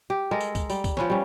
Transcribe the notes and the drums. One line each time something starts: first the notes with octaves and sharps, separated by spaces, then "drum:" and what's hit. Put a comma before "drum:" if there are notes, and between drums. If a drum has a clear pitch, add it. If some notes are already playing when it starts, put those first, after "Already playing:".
G4
G#3 A4 A#4
drum: tambourine
drum: kick, tambourine
G3, drum: tambourine
drum: kick, tambourine
F3 B3 C#4, drum: snare
G3 C#4